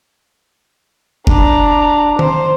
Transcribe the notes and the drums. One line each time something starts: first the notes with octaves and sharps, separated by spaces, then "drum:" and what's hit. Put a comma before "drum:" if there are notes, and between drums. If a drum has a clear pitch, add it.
D4 A#5, drum: kick F1
C5, drum: tom D#3